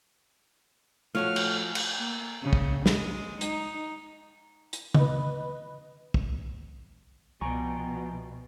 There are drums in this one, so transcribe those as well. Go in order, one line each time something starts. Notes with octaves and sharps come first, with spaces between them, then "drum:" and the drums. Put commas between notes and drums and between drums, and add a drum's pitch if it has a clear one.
F3 A3 F#4 C#5 F6
drum: cymbal
drum: cymbal
A#3
C#3
drum: kick
G#3, drum: snare
D#4, drum: hi-hat
drum: hi-hat
B4 D#5, drum: tom C#3
drum: kick
C2 B2 F3 D5 G5 G#5 A#5 C#6